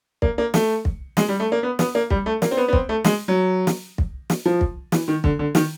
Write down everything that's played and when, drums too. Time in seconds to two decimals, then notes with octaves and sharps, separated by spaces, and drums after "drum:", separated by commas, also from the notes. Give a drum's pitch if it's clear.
0.22 A#3, drum: kick
0.38 A#3
0.54 A3, drum: snare
0.85 drum: kick
1.17 G#3, drum: snare
1.29 G3
1.40 A3
1.52 A#3
1.63 B3
1.79 B3, drum: snare
1.95 A#3
2.10 G3, drum: kick
2.26 A3
2.42 A#3, drum: snare
2.51 C4
2.57 B3
2.68 B3
2.73 C4, drum: kick
2.89 A3
3.04 G#3, drum: snare
3.28 F#3
3.67 drum: snare
3.98 drum: kick
4.30 drum: snare
4.46 F3
4.61 drum: kick
4.92 E3, drum: snare
5.08 D#3
5.24 D3, drum: kick
5.39 D3
5.55 D#3, drum: snare